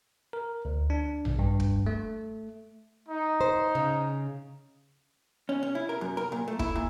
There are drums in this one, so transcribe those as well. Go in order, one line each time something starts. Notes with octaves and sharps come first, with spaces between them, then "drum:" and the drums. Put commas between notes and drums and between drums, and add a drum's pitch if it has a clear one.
A#4
D2
D4
drum: tom A#1
G2
drum: kick
A3
D#4
C5
C#3
C#4
C#4
E4
A#4
F#2
A#4
A#2
A3
E4, drum: kick
A#2